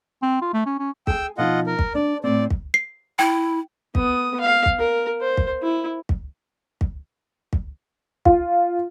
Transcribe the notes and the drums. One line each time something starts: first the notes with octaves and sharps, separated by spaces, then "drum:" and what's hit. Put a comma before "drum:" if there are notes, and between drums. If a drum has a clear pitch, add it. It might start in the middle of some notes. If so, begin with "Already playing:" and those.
C4
F4
A3
C#4
C#4
G#4 G5 G#5 E6, drum: kick
B2 F3 D#4 F4 D#5 F#5
A#4
drum: kick
D4 D5
A2 C4 D5
drum: kick
C7
E4 G5
B3 D#6, drum: kick
F5
drum: kick
A#4
C5
drum: kick
E4
drum: kick
drum: kick
drum: kick
F4, drum: kick